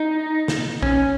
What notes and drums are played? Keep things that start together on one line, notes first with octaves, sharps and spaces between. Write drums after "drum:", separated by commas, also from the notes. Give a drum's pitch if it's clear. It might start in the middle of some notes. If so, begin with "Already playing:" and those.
Already playing: D#4
drum: snare
C#4, drum: kick A#1